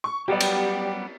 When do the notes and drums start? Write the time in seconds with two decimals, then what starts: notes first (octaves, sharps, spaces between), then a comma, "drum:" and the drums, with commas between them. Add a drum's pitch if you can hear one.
0.04 C#6
0.28 F#3 G3 B3 G4 D5
0.40 drum: cymbal